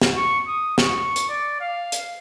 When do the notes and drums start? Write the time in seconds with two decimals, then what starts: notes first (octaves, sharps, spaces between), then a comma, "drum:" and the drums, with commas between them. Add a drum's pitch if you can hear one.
0.02 drum: snare
0.16 C#6
0.47 D#6
0.78 C#6, drum: snare
1.16 drum: hi-hat
1.29 D5
1.61 F5
1.92 drum: hi-hat